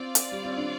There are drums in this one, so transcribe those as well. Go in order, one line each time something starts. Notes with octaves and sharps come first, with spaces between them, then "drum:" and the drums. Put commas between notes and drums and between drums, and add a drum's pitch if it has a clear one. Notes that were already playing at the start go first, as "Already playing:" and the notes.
Already playing: C4 F4 D5 F5
drum: hi-hat
G3
C4
D4